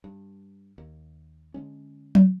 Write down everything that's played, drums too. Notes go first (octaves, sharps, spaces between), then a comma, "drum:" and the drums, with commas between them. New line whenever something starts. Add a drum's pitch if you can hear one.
G2
D#2
D3 G#3 C#4
drum: tom F#3